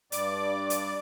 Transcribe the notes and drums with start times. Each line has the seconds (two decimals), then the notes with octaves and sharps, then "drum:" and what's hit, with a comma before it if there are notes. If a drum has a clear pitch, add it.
0.12 G2 D5 D6, drum: hi-hat
0.70 drum: hi-hat